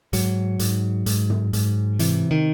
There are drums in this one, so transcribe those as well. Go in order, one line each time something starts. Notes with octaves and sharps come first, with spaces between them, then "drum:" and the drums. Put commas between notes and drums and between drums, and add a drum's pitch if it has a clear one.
G#2 F#3, drum: hi-hat
G#2, drum: hi-hat
G#2, drum: hi-hat
drum: tom
G#2, drum: hi-hat
C3 E3, drum: hi-hat
D#3